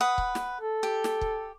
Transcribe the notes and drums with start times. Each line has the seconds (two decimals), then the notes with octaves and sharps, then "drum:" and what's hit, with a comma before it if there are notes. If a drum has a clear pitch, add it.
0.01 B4 F#5 D#6
0.18 drum: kick
0.35 drum: snare
0.61 A4
0.83 G4
1.04 drum: snare
1.21 drum: kick